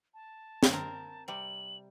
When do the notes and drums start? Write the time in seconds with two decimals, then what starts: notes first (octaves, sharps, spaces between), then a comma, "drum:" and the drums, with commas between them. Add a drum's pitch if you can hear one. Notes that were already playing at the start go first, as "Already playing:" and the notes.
0.14 A5
0.63 drum: snare
0.73 C4 A#4
1.28 C3 G3 F#7